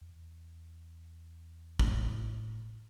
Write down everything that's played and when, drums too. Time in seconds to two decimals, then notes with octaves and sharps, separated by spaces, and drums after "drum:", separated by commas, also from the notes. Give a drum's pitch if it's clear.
0.01 E2
1.79 A2, drum: kick